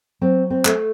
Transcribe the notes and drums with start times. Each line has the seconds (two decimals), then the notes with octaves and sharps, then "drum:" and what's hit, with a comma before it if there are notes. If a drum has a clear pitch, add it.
0.21 F#3 C4
0.50 C4
0.65 A3, drum: clap